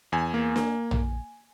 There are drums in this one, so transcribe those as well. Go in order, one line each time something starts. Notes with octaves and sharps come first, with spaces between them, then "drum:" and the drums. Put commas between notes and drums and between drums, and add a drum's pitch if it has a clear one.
E2 G#5
A#3
A#3, drum: snare
drum: tom A#1